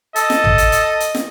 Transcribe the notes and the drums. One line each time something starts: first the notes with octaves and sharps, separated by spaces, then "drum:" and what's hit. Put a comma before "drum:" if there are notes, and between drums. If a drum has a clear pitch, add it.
A4 D#5, drum: hi-hat
drum: snare
drum: tom A1
drum: hi-hat
drum: hi-hat
drum: hi-hat
drum: snare